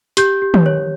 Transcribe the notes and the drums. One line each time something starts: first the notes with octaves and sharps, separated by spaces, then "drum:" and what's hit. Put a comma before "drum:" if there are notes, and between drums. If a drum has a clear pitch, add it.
G4 G6, drum: hi-hat
G4
drum: tom D#3
C#5